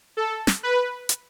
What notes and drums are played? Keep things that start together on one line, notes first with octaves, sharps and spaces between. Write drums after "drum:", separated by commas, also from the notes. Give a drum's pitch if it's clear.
A4
drum: snare
B4
drum: hi-hat